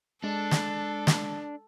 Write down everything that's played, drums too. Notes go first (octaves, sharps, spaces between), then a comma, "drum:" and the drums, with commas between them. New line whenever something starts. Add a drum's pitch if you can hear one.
G#3 D4 A4
drum: snare
drum: snare